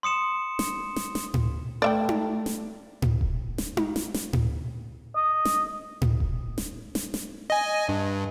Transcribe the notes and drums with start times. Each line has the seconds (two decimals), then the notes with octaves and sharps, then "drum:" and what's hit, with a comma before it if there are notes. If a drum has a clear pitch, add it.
0.03 C6 D#6 C#7 E7
0.59 drum: snare
0.96 drum: snare
1.15 drum: snare
1.34 drum: tom A2
1.82 A3 D5 E5 G5
2.09 drum: tom D#4
2.46 drum: snare
3.02 drum: tom A2
3.21 drum: kick D#1
3.58 drum: snare
3.77 drum: tom D#4
3.96 drum: snare
4.14 drum: snare
4.33 drum: tom A2
5.16 D#5
5.45 drum: snare
6.02 drum: tom A2
6.20 drum: kick D#1
6.58 drum: snare
6.95 drum: snare
7.14 drum: snare
7.50 D#5 G#5
7.89 G2